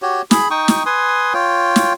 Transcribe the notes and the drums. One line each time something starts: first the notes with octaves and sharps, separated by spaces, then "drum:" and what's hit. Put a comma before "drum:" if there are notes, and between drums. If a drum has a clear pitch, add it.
F#4 G4 C#5
G#4 B5, drum: snare
D#4 G5 C#6 D#6
drum: snare
B4 G#5 C6 D#6
F4 C#5 G5
drum: snare